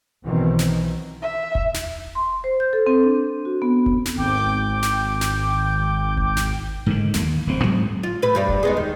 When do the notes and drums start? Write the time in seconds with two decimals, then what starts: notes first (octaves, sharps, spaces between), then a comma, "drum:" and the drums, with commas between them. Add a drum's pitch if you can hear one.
0.23 B1 B2 D#3 E3 C4
0.59 drum: snare
1.22 E5
1.55 drum: kick E1
1.74 drum: snare
2.15 C6
2.44 C5
2.60 G6
2.73 A4
2.87 C4
3.03 D4
3.45 F#4
3.62 B3
3.86 drum: kick E1
4.05 drum: snare
4.16 G#1 G5 D6 G6
4.83 drum: snare
5.21 drum: snare
6.17 drum: kick E1
6.37 drum: snare
6.86 G#2 D3 D#3
7.14 D#2 D#3 A#3, drum: snare
7.47 F1 G#2 C4
7.63 G#2 F#3 G#3 C4
8.03 F4
8.22 A2 B4
8.35 G2 G3 D4
8.48 drum: kick E1
8.63 G#3 B3 D#4
8.77 D#3